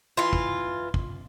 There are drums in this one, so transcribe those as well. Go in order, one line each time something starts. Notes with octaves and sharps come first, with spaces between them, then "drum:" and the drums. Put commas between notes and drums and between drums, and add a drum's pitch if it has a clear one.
E3 F4
drum: kick
drum: kick